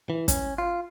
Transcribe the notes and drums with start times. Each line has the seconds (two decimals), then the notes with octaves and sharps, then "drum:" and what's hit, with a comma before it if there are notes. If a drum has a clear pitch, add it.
0.10 E3
0.28 C#4, drum: kick, hi-hat
0.58 F4